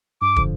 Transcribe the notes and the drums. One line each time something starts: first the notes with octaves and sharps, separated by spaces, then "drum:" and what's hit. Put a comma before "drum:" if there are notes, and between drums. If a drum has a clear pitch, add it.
G2 D6
D3 F3, drum: kick